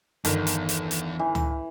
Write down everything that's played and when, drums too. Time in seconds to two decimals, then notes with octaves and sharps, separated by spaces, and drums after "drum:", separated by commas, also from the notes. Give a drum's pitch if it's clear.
0.25 G1 E2 D#3, drum: hi-hat
0.47 drum: hi-hat
0.69 drum: hi-hat
0.91 drum: hi-hat
1.19 E3
1.35 drum: tom C#2